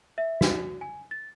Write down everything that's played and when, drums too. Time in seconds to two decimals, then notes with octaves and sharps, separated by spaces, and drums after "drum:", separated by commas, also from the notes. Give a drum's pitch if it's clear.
0.18 E5
0.41 F#4, drum: snare
0.81 G#5
1.11 A6